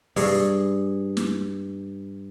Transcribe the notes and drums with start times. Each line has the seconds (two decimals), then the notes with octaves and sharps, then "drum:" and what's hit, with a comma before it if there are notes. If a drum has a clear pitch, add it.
0.16 G2 G#4, drum: open hi-hat
1.17 drum: snare